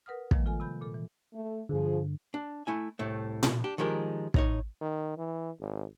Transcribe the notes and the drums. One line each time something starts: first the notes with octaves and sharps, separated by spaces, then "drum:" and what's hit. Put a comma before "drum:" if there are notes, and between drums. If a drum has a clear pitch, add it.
A#4 B4 F#5 D#6 F6
D#3 F3 G3 G#3 A#3, drum: kick
F4 A4 G#5
C3 B5 G6
A#2 A4
E3
A3
G2 D3 F3 G#4
D4
A3 E4 G#5
C2 A2 A3
drum: tom A#2
D4 G4
D#3 F3 G#3 G4 A#4
A2 D#4 C#5, drum: kick
D#3
E3
G#1